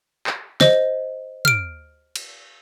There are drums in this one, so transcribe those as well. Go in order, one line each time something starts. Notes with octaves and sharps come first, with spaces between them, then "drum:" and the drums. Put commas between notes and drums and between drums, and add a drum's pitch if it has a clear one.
drum: clap
C5 D#5, drum: snare
F6 D7, drum: tom
drum: cymbal